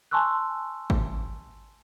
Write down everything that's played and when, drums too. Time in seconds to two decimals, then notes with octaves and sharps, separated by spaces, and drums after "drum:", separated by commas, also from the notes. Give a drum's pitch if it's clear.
0.11 G#5 A5 C6 C#6 E6 F#6
0.90 drum: kick G#1